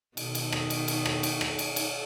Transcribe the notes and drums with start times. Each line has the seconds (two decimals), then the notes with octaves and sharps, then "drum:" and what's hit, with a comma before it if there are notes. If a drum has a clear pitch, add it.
0.17 B2 D#3, drum: cymbal
0.35 drum: cymbal
0.52 drum: rim click
0.70 drum: cymbal
0.88 drum: cymbal
1.06 drum: rim click
1.23 drum: cymbal
1.41 drum: rim click
1.59 drum: cymbal
1.76 drum: cymbal